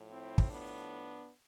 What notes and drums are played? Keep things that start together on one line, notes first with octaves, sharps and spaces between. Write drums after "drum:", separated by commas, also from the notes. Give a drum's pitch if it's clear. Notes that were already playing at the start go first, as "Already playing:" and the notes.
Already playing: A2 F3
C4 E4
drum: kick
B3 D4